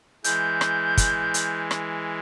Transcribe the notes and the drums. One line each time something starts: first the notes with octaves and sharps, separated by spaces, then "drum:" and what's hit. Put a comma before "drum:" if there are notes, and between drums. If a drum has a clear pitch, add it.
E3 G#3 G6, drum: hi-hat
drum: rim click
drum: kick, hi-hat
drum: hi-hat
drum: rim click